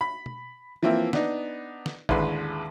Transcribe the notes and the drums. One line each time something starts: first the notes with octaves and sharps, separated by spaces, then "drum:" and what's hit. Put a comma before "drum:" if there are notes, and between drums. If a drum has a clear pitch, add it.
B5
drum: tom B2
E3 F3 A#3 C4 E5
B3 D4 D#4, drum: snare
drum: snare
A1 D#2 D3 G#3 B4 C6, drum: kick